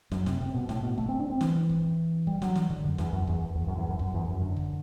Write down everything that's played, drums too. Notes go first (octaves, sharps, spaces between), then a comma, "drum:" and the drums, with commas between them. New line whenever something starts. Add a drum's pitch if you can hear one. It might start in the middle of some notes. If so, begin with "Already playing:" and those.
F#2, drum: snare
C3, drum: snare
C3, drum: kick
B2
A2, drum: snare
B2
A3, drum: kick
C4
D4
C4
E3, drum: snare
drum: kick
G3, drum: kick
F#3, drum: snare
E3, drum: snare
D3, drum: kick
F#2
E2, drum: snare
F#2
E2, drum: kick
E2
F#2
E2
F#2
F#2, drum: kick
E2
F#2
D3
drum: kick